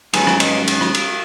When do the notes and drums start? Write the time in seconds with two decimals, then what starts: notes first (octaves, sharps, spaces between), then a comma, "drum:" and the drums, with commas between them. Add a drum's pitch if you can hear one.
0.13 G#2 D#3 F#3 C#4 G#4 B4, drum: cymbal
0.27 drum: rim click
0.40 B4 D#5, drum: cymbal
0.68 drum: cymbal
0.81 drum: rim click
0.94 drum: cymbal